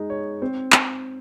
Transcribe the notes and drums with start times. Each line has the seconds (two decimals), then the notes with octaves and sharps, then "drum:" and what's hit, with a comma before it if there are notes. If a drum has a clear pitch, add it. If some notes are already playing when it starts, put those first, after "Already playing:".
Already playing: G#3 D#4
0.10 C#5
0.42 C4
0.72 drum: clap